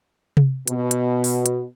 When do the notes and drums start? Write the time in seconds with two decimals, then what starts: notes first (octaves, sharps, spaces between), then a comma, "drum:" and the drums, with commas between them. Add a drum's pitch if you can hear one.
0.37 drum: tom C3
0.68 B2, drum: hi-hat
0.91 drum: hi-hat
1.24 drum: open hi-hat
1.46 drum: hi-hat